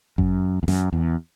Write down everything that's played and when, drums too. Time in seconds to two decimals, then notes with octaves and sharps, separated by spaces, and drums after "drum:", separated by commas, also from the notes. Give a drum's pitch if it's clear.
0.18 F#2, drum: kick G1
0.63 E2
0.68 F#2, drum: snare
0.93 E2